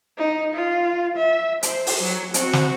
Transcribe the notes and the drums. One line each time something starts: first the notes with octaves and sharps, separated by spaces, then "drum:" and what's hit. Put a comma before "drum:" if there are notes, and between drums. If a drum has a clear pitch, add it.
D#4
F4
E5
C5, drum: hi-hat
drum: open hi-hat
F#3
C4 F#4, drum: hi-hat
drum: snare